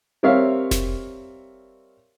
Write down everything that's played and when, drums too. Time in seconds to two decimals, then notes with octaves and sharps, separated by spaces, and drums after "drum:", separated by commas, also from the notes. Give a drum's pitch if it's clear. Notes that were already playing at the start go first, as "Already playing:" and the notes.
0.23 G3 C4 A#4 C#5 E5 F5
0.71 drum: snare F1